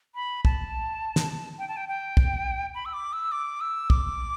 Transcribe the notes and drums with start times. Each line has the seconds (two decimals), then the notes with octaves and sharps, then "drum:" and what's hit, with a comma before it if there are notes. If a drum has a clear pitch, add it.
0.15 B5
0.45 A5, drum: kick
1.16 drum: snare
1.59 G5
1.69 A5
1.77 G5
1.89 G5
2.17 drum: kick
2.75 B5
2.86 E6
2.93 D6
3.13 E6
3.32 D6
3.61 E6
3.90 D6, drum: kick